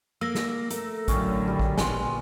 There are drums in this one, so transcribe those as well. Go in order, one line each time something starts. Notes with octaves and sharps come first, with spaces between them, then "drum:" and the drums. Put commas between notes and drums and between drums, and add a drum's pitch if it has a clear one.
A#3 E6 A#6
drum: snare
A3 A#4, drum: hi-hat
A2 D3 F#3 C#4 F5 G5, drum: kick A1, hi-hat
G3
drum: kick A1
A#2 B3 G#5 C6, drum: snare